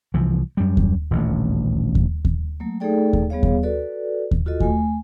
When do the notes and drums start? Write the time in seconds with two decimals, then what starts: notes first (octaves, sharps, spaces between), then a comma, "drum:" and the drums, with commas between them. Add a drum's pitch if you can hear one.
0.14 C2 E3 F3
0.57 F#2 G3
0.77 drum: kick D#2
1.11 D#1 A1 D2
1.95 drum: kick D#2
2.25 drum: kick D#2
2.60 F#3 A3 A#3
2.80 A3 D#4 G#4 A4 D5 G5
3.13 drum: kick D#2
3.30 G3 B3 G#4 C#5 F5
3.43 drum: kick D#2
3.63 F#4 A4 B4 D5
4.31 drum: kick D#2
4.46 F4 F#4 A4 D#5
4.60 A3 G#5, drum: kick D#2